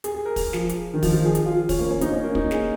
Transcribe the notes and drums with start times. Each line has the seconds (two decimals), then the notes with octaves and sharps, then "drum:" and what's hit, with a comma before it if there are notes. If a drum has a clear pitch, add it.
0.04 G#4, drum: hi-hat
0.14 G#4
0.26 A#4
0.36 G#4, drum: kick, open hi-hat
0.53 F3, drum: snare
0.69 drum: hi-hat
0.94 D#3
1.03 F3, drum: kick, open hi-hat
1.14 F3
1.25 G#4
1.35 G#4, drum: hi-hat
1.46 F4
1.69 C#4, drum: kick, open hi-hat
1.79 A#3
1.91 C#4
2.01 D#4, drum: hi-hat
2.12 C#4
2.23 A#3
2.35 D#4, drum: kick
2.51 G#4, drum: snare